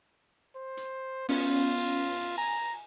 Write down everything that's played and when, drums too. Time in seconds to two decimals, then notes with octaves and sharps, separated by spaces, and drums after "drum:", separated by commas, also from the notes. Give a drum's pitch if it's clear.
0.55 C5
0.77 drum: hi-hat
1.29 B3 C#4 F4, drum: cymbal
2.21 drum: hi-hat
2.38 G#5 A#5